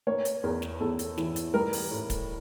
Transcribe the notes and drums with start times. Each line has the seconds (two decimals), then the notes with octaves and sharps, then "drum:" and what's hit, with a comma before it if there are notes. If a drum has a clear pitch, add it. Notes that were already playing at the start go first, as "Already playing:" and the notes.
0.07 A#3 C#5
0.25 drum: hi-hat
0.44 E2 A#4
0.62 drum: snare
0.80 E2 A4
0.99 drum: hi-hat
1.18 E3, drum: snare
1.36 drum: hi-hat
1.54 G3 A#4
1.73 drum: open hi-hat
1.91 A2
2.10 drum: kick, hi-hat